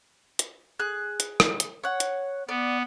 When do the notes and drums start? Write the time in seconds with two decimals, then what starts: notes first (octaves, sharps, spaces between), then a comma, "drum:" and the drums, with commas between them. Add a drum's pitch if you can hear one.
0.39 drum: hi-hat
0.79 G#4 F#6
1.20 drum: hi-hat
1.40 drum: rim click
1.60 drum: hi-hat
1.84 C#5 F#5
2.00 drum: hi-hat
2.49 B3 D5